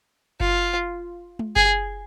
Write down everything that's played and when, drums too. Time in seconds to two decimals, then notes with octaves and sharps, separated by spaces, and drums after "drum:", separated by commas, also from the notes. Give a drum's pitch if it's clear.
0.40 F4, drum: kick F#1
1.39 drum: tom G#3
1.56 G#4, drum: kick F#1